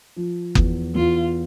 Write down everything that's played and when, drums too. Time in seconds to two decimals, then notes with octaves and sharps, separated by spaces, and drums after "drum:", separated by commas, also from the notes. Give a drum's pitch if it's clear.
0.16 F3
0.55 E2, drum: kick F#1
0.95 E2 F4